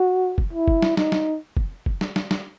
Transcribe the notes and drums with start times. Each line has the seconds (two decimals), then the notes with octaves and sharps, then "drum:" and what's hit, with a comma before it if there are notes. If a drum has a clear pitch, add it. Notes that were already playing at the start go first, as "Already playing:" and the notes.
Already playing: F#4
0.38 drum: kick F1
0.53 E4
0.68 drum: kick F1
0.82 drum: snare
0.97 D#4, drum: snare
1.12 drum: snare
1.57 drum: kick F1
1.86 drum: kick F1
2.01 drum: snare
2.16 drum: snare
2.31 drum: snare